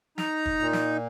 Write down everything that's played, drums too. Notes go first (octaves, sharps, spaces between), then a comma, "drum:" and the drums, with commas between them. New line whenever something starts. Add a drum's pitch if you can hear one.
D#4 A#5, drum: snare
drum: kick
A#2
drum: snare